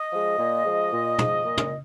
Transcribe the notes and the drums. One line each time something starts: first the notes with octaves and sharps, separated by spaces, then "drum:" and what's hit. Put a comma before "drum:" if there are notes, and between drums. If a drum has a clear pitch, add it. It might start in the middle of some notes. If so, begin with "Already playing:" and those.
Already playing: D#5
F3 G#3
A#2
F3 G#3
A#2
F3 G#3, drum: tom
A#2
drum: tom